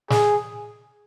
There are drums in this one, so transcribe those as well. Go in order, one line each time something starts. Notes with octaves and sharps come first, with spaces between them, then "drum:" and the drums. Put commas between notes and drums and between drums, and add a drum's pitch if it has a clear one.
G#4, drum: snare